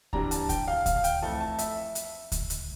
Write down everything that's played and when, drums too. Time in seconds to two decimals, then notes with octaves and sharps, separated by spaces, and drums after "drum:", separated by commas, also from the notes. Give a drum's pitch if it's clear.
0.13 G2 E3 G3 D4 A#5, drum: kick C#2
0.31 A5, drum: hi-hat
0.49 G5, drum: kick C#2, hi-hat
0.68 F5
0.86 F5, drum: kick C#2, hi-hat
0.96 F5
1.04 G5, drum: hi-hat
1.22 F2 E3 A3 A5
1.41 A5
1.59 E5, drum: hi-hat
1.95 drum: hi-hat
2.32 drum: kick C#2, hi-hat
2.50 drum: hi-hat